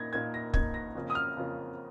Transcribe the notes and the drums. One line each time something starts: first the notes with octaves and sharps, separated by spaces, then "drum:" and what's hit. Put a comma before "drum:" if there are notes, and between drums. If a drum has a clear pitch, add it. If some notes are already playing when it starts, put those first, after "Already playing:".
Already playing: A#2 A#3 D#4 G#6 A#6
A#2 A#3 D#4 G#6
A#6
A#2 A#3 D#4 G#6, drum: kick
A#6
F2 C#3 A#3 F4
D#6
F6
F2 C#3 A#3 F4